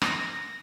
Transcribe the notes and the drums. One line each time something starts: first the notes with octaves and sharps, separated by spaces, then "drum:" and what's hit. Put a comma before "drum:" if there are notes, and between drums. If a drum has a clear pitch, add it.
A#6, drum: rim click